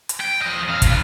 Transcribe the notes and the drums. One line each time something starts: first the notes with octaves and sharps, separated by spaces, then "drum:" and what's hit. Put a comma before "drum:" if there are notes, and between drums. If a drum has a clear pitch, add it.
drum: hi-hat
G5
F3 D#5
F2 F5
G2 F4, drum: kick, hi-hat